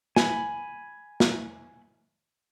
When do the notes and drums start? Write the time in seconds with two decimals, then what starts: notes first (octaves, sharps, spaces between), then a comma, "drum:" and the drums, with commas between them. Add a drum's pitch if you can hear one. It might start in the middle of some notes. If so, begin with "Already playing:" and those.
0.16 G#5 B5, drum: snare
1.20 drum: snare